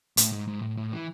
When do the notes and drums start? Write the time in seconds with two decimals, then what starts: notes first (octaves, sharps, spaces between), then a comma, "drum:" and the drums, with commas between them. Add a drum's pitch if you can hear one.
0.17 A2, drum: hi-hat
0.32 G#2
0.48 G#2
0.62 A2
0.77 A2
0.92 E3